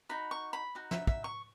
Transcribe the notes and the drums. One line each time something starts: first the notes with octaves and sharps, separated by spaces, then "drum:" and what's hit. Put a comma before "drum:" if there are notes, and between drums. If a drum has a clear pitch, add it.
D#4 F#4 B5
C#6
B5
D#4 F#4
E5, drum: snare
E5, drum: kick
C#6